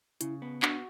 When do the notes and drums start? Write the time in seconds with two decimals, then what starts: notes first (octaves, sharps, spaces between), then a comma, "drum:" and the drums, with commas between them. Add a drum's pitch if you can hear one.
0.21 C#3 E4, drum: hi-hat
0.42 B3
0.62 D4 F#4, drum: clap